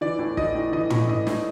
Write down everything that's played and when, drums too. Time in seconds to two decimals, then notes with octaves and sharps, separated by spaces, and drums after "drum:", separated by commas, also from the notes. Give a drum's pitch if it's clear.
0.01 E3 D5
0.19 A2
0.37 E3 D#5, drum: kick
0.55 A2
0.72 E3 D#5
0.90 A2, drum: tom
1.08 E3 D#5
1.27 A2, drum: snare